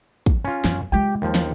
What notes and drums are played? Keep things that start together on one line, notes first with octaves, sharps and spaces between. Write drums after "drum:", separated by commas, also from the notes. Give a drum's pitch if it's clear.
drum: kick
C#4 F4
F#2, drum: snare
G#3 F4 G4 G5
D#2 F3
drum: snare